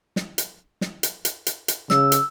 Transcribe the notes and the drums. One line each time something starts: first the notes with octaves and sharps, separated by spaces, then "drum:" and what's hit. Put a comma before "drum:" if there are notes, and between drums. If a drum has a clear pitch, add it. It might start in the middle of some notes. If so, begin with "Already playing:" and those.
drum: snare
drum: hi-hat
drum: snare
drum: hi-hat
drum: hi-hat
drum: hi-hat
drum: hi-hat
C#3 E6, drum: snare
drum: hi-hat